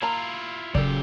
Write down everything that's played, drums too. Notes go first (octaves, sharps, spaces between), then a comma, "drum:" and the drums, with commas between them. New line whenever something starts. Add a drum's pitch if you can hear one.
A#3 E4 F4 A5 A#5
A#2 C#3 F#3 G4 A4 D5, drum: kick